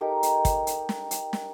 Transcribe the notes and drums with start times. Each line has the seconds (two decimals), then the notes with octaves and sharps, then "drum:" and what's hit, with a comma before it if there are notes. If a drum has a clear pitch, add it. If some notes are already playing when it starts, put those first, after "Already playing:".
0.01 D#4 G4 A4 A#4
0.23 drum: hi-hat
0.45 drum: kick, hi-hat
0.67 drum: hi-hat
0.89 drum: snare
1.11 drum: hi-hat
1.33 drum: snare